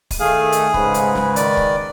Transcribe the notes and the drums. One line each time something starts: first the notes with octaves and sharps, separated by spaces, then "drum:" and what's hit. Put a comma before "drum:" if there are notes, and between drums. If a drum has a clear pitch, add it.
drum: kick, open hi-hat
D#3 A3 G#4 F5
drum: hi-hat
G#2 C#3 B4, drum: kick
drum: hi-hat
drum: snare
D#3 D5, drum: hi-hat
drum: kick